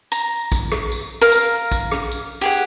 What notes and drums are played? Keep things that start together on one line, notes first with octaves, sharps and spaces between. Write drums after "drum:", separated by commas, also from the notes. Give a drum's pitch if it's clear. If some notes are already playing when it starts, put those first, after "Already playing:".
A#5, drum: tambourine
drum: kick, tambourine
drum: rim click
drum: tambourine
A#4 F5
drum: tambourine
drum: kick, tambourine
drum: rim click
drum: tambourine
G4 G#4 F#5